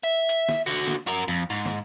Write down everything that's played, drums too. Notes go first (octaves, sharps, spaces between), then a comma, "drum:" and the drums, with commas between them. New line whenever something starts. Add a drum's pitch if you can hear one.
E5
drum: hi-hat
drum: snare
D3 F#4
drum: snare
F#4 A#4, drum: hi-hat
F2, drum: hi-hat
G#2
drum: snare